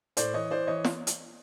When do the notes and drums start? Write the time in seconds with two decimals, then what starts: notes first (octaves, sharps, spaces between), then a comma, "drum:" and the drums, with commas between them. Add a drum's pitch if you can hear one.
0.17 A2 C5 D5, drum: hi-hat
0.34 E3 C#5 D#5
0.51 E3 C5 D5
0.67 E3 C#5 D#5
0.84 drum: snare
1.07 drum: hi-hat